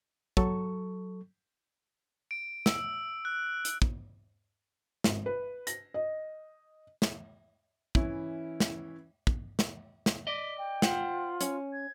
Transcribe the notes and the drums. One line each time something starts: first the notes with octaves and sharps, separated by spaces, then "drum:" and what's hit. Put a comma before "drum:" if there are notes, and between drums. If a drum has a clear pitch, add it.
F#3 A4 C#6, drum: kick
D7
E6, drum: snare
F#6
drum: hi-hat
drum: kick
G#1, drum: snare
B4
A#6, drum: hi-hat
D#5
drum: snare
E3 C#4 E4, drum: kick
drum: snare
drum: kick
drum: snare
drum: snare
D5 D#5 B6
G5
F4 C5 F#5, drum: snare
C#4, drum: hi-hat
G#6